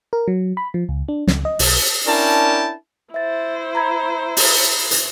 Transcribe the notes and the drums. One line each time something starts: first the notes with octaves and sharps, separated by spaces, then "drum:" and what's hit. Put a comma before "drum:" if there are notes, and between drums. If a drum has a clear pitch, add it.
A#4
F#3
B5
F3
C#2
D4
C#2, drum: snare
D#5
B1, drum: open hi-hat
C#4 D4 E4 A#4 G5 A5
E4 C5 E5 A6
A#5 B5 G#6
drum: open hi-hat
drum: hi-hat